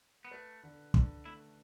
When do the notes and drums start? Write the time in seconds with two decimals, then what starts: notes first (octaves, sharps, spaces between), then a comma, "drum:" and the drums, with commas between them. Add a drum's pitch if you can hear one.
0.25 B3
0.31 A3 B4
0.63 D3
0.94 D3, drum: kick
1.25 A3 E4